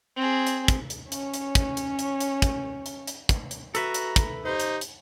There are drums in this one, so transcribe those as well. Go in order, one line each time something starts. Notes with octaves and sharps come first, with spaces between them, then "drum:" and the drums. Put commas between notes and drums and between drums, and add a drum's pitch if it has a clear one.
C4 G#4
drum: hi-hat
drum: kick, hi-hat
drum: hi-hat
C#4 C#5, drum: hi-hat
drum: hi-hat
drum: kick, hi-hat
drum: hi-hat
drum: hi-hat
drum: hi-hat
drum: kick, hi-hat
drum: hi-hat
drum: hi-hat
drum: kick, hi-hat
drum: hi-hat
F#4 A4 B4 E5 A#5, drum: hi-hat
drum: hi-hat
drum: kick, hi-hat
D#4 G4 C5
drum: hi-hat
drum: hi-hat